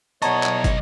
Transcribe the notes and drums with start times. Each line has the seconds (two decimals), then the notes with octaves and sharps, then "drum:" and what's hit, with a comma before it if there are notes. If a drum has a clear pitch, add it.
0.22 B1 E2 B3 C#5 D#5 A5 A#5 C#6, drum: hi-hat
0.43 drum: clap
0.64 drum: kick, hi-hat